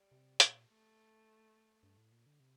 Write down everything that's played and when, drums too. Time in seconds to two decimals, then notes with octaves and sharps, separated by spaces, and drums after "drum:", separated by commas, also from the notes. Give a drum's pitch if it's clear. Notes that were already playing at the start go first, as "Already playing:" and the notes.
Already playing: G3
0.12 C3
0.40 A#2, drum: hi-hat
0.69 A3
1.83 G2
1.97 A2
2.12 A#2
2.26 D3
2.40 C3